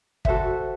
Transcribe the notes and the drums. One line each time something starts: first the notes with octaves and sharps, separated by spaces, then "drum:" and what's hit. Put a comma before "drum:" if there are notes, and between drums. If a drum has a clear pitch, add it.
F#4 A4 C5 E5, drum: kick